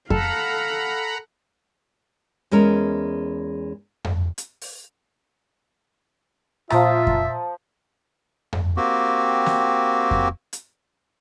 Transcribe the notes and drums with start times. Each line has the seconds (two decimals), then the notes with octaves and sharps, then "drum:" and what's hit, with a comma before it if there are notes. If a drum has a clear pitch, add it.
0.10 A4 F5 F#5 A#5 B5, drum: kick F2
2.51 E2 G#3 C#4 A#4
4.04 drum: tom F2
4.38 drum: hi-hat
4.61 drum: open hi-hat
6.70 A#2 F3 F4 E5 A#5 D#6 A6, drum: rim click
7.07 drum: kick F2
8.53 drum: tom F2
8.77 A#3 C4 F#4 G4
9.46 drum: snare
10.11 drum: kick F2
10.53 drum: hi-hat